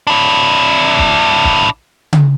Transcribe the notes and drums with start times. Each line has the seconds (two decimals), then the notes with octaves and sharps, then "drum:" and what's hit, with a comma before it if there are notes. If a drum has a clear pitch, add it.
0.07 D4 E4
0.98 drum: kick
1.44 drum: kick
2.13 drum: tom C#3